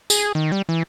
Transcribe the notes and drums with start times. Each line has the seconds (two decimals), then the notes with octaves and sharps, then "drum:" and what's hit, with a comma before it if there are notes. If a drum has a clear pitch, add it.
0.10 G#4, drum: tambourine
0.35 D#3
0.52 G3
0.69 E3